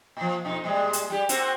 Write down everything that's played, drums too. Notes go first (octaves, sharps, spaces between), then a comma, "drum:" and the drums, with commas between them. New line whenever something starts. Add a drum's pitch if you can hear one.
A#2 F3
F2 B2 D#4
A#2 G3 G#3
drum: hi-hat
G3 G4
A#3 C4 F#4, drum: hi-hat